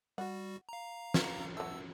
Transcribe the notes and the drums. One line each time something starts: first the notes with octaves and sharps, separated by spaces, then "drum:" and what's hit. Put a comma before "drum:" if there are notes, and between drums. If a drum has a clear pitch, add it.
G3 F#4 F#5
F5 A#5
drum: snare
F#3 A3 E6